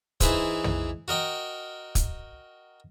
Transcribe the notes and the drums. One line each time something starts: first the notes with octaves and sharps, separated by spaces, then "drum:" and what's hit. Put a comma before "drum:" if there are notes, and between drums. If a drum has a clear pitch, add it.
E3 D#4 E4 G#4 B4 C5, drum: kick, hi-hat
drum: tom
F#4 A#4 D#5 G5
drum: kick, hi-hat